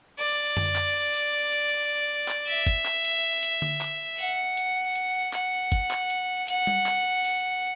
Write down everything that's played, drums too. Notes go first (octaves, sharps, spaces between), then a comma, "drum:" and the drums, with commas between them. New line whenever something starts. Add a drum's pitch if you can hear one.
D5
drum: tom F#2
drum: clap
drum: open hi-hat
drum: hi-hat
drum: clap
E5
drum: kick, hi-hat
drum: clap
drum: hi-hat
drum: hi-hat
drum: tom D3
drum: clap
F#5, drum: open hi-hat
drum: hi-hat
drum: hi-hat
F#5, drum: clap
drum: kick, hi-hat
drum: clap
drum: hi-hat
F#5, drum: hi-hat
drum: tom G3
drum: clap
drum: open hi-hat